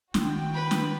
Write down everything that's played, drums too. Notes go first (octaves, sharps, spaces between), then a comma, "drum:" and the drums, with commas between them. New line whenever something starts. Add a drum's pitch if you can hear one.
D#3 F#4 G5, drum: snare
B4 B5
drum: snare